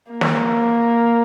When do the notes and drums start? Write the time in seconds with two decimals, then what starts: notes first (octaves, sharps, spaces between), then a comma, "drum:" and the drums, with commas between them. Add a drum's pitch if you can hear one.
0.11 A#3
0.21 drum: snare